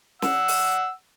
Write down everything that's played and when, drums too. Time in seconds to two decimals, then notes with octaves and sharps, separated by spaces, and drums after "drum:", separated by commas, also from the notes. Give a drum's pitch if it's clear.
0.22 F#5 E6, drum: snare
0.48 drum: open hi-hat